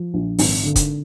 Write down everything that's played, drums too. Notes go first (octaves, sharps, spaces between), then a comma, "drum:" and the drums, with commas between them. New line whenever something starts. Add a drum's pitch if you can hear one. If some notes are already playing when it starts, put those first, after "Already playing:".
Already playing: F3
A#1
G#1, drum: open hi-hat
D3
drum: kick, hi-hat